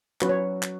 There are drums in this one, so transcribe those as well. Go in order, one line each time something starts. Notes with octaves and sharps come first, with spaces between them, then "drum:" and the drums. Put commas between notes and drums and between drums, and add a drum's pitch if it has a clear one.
F#3 C#4 F#4 B4, drum: clap
C#5
drum: clap